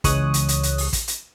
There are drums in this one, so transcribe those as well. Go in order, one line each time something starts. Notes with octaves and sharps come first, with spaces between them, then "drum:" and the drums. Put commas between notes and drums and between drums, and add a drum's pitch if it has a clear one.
C#2 E3 G#3 C#5 D#6 F#6, drum: kick, hi-hat
drum: hi-hat
drum: hi-hat
drum: hi-hat
drum: open hi-hat
drum: kick, hi-hat
drum: hi-hat